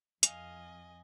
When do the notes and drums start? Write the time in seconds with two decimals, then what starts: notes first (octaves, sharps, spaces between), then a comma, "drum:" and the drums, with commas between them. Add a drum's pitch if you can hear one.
0.23 F2 D#5 F5 G#5, drum: hi-hat